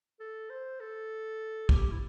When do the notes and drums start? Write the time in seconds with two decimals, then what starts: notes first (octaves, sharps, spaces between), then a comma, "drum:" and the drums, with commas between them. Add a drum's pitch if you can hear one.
0.20 A4
0.50 C5
0.80 A4
1.69 G4, drum: kick
1.92 E4